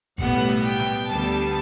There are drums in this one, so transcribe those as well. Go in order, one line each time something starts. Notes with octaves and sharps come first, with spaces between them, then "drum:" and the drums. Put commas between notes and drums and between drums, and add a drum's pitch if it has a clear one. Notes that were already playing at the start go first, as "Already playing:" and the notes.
B1 A2 G3 B3 F#5, drum: kick G#1
drum: hi-hat
G5
drum: snare
D2 D3 G3 B3 A5, drum: hi-hat